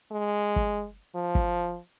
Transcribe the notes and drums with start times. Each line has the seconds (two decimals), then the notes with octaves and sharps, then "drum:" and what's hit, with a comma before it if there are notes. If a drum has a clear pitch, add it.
0.12 G#3
0.56 drum: kick
1.15 F3
1.35 drum: kick